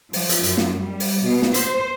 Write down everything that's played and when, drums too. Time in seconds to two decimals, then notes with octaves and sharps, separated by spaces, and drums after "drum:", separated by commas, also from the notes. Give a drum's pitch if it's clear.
0.13 F3, drum: open hi-hat
0.29 drum: hi-hat
0.43 F#2, drum: hi-hat
0.58 drum: snare
0.80 G3
1.00 drum: open hi-hat
1.23 B2
1.42 drum: snare
1.54 C5, drum: hi-hat